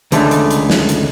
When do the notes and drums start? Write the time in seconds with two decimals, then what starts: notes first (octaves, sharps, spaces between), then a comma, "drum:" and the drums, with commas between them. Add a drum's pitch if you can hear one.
0.12 C#2 D3 D#3 A3, drum: hi-hat
0.31 drum: hi-hat
0.50 drum: hi-hat
0.70 drum: snare
0.89 drum: hi-hat